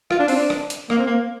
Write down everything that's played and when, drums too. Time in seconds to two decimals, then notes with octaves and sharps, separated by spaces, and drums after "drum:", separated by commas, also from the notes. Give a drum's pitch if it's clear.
0.11 F4, drum: rim click
0.19 D4
0.28 C4, drum: open hi-hat
0.36 D4
0.50 drum: rim click
0.70 drum: hi-hat
0.90 A#3, drum: rim click
0.98 C4
1.06 A#3